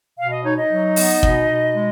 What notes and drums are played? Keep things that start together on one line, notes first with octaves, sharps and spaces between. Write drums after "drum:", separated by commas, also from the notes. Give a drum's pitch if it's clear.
B2 F5
D#5
D#4 C#5
D#4 D#5
F#3
B3, drum: open hi-hat
B2, drum: kick
B2
G#3